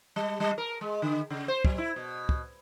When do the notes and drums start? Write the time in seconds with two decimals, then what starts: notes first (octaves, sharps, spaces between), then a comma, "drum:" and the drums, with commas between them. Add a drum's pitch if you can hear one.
0.16 G3
0.40 G3
0.58 A#4
0.81 G#3
1.02 D3
1.30 C#3
1.48 C5
1.65 F#3, drum: kick
1.78 E4
1.96 B2
2.29 drum: kick